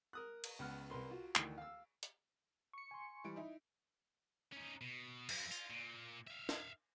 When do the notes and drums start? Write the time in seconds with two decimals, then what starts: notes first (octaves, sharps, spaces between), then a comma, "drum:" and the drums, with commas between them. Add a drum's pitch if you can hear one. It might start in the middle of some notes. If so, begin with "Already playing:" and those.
0.13 A#4 D#6 F#6
0.44 drum: cymbal
0.59 C#2 B3 F#5 F6
0.90 C2 A#4 B4 C6
1.11 F4 F#4
1.35 D2 D#3 E3, drum: clap
1.58 F5 E6
2.03 drum: hi-hat
2.73 C#6 C#7
2.91 G#5 C6
3.24 E3 G3 D7
3.36 D#4 E4
4.52 C#4 D#4
4.81 B2
5.29 F#2, drum: cymbal
5.51 F4, drum: tambourine
5.70 A#2
6.27 E5 F5
6.49 drum: snare